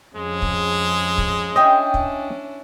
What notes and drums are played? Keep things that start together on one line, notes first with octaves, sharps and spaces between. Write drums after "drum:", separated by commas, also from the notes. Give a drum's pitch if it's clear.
F2 C#3 G#3
drum: kick
drum: kick
C#4 D4 E4 D#5 G5 G#5
drum: kick